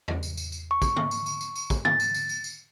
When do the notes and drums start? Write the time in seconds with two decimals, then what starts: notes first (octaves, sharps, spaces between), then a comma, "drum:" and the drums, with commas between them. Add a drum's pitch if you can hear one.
0.08 drum: tom E2
0.23 drum: tambourine
0.37 drum: tambourine
0.52 drum: tambourine
0.71 C#6
0.82 drum: kick, tambourine
0.96 drum: tom D3
1.11 drum: tambourine
1.26 drum: tambourine
1.41 drum: tambourine
1.55 drum: tambourine
1.70 drum: kick, tambourine
1.85 A6, drum: tom D3
2.00 drum: tambourine
2.14 drum: tambourine
2.29 drum: tambourine
2.44 drum: tambourine